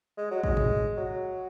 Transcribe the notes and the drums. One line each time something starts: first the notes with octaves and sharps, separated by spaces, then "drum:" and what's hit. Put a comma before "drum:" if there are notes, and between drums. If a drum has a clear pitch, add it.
G#3
F#3
G#3, drum: kick
drum: tom
F#3